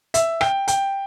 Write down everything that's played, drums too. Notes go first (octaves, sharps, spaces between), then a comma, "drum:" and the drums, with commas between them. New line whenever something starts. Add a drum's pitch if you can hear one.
E5, drum: hi-hat
G5, drum: rim click
G5, drum: hi-hat